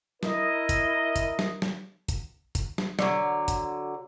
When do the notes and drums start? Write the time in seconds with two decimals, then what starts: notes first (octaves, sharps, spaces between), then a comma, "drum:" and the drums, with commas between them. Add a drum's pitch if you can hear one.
0.23 E4 A#4 D#5, drum: snare
0.69 drum: kick, hi-hat
1.16 drum: kick, hi-hat
1.39 drum: snare
1.62 drum: snare
2.09 drum: kick, hi-hat
2.55 drum: kick, hi-hat
2.78 drum: snare
2.99 D3 F#3, drum: snare
3.48 drum: kick, hi-hat